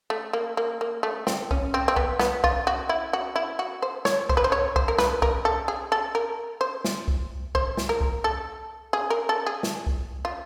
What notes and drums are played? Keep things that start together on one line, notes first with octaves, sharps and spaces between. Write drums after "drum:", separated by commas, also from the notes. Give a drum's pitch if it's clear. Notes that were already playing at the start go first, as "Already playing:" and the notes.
A3
A#3
A#3
A#3
A3
C4, drum: snare
C#4, drum: kick C2
C4
C4
B3, drum: kick C2
B3, drum: snare
F4, drum: kick C2
F#4
E4
F#4
E4
F#4
C5
C#5, drum: snare
C5, drum: kick C2
B4
C5
C#5
C5, drum: kick C2
A#4
B4, drum: snare
A#4, drum: kick C2
A4
G#4
A4
A#4
C5
drum: snare
drum: kick C2
C5, drum: kick C2
drum: snare
A#4
drum: kick C2
A4
G#4
A#4
A4
G#4
drum: snare
drum: kick C2
F4